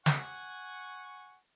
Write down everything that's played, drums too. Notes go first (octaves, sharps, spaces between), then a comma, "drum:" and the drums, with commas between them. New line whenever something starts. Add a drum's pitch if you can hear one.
F#5 G#5 C#6, drum: snare